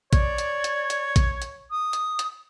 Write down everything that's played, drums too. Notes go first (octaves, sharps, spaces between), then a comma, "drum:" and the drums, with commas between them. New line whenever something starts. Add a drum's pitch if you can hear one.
C#5 D5, drum: kick A1, hi-hat
drum: hi-hat
drum: hi-hat
drum: hi-hat
drum: kick A1, hi-hat
drum: hi-hat
D#6
drum: hi-hat
drum: hi-hat